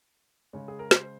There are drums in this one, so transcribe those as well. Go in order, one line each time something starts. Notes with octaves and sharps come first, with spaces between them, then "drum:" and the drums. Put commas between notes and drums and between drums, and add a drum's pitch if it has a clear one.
C#3 G#3 C#5
G#4
A#4
C5, drum: snare